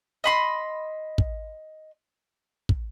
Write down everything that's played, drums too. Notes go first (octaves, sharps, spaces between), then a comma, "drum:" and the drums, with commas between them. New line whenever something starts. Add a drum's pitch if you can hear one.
D#5 B5 C6
drum: kick
drum: kick